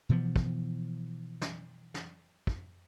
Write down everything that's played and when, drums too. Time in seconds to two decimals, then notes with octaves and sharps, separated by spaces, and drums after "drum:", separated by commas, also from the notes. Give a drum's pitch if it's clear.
0.09 B2 E3 F3 B3
0.36 drum: kick
1.41 drum: snare
1.94 drum: snare
2.47 drum: kick